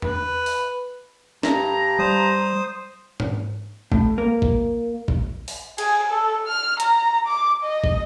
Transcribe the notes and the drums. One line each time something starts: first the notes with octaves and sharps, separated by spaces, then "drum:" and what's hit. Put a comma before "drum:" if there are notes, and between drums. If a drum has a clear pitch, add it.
B4, drum: tom E2
drum: open hi-hat
G2 A#5, drum: snare
G3 C5 D#6
drum: tom G#2
A2, drum: kick
A#3
drum: kick
drum: kick
drum: open hi-hat
G#4, drum: cymbal
A4
F6
A#5, drum: hi-hat
D6
D#5
drum: kick